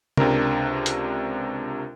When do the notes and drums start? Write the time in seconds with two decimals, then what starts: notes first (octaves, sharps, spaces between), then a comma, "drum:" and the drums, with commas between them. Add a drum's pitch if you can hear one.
0.17 C#2 C3 D4 A#4, drum: tom C3
0.86 drum: hi-hat